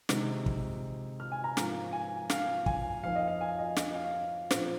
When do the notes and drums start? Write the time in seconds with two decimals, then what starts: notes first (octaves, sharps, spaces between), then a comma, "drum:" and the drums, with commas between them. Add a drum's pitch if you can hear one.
0.09 C3 D#3 G#3 D#4, drum: snare
0.46 drum: kick
1.20 F6
1.32 G#5
1.44 A#5
1.57 G#2 F3 A#3, drum: snare
1.93 G#5
2.30 F5, drum: snare
2.66 G#5, drum: kick
3.03 F2 F3 A#3 D#4 F5
3.16 D#5
3.28 F5
3.41 G#5
3.59 D#5
3.76 D#5, drum: snare
3.95 F5
4.51 A#2 F3 C4, drum: snare